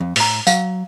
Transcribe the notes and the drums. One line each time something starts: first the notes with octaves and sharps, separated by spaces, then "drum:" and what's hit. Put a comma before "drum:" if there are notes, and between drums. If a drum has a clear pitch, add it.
F2
A2 A#5, drum: open hi-hat
F#3 F5, drum: tambourine